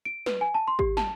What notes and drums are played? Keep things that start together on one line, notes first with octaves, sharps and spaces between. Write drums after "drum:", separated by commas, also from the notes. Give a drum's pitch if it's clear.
D7
B4, drum: snare
G#5
A5
C6
G4, drum: kick G#1
A5, drum: snare